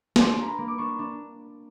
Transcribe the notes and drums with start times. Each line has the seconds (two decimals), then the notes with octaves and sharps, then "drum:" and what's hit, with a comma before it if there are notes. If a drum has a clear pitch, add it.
0.16 D4 C6, drum: snare
0.37 A#3 A#5
0.47 B5
0.58 A#3
0.68 D6
0.78 D4 C#6
0.99 D4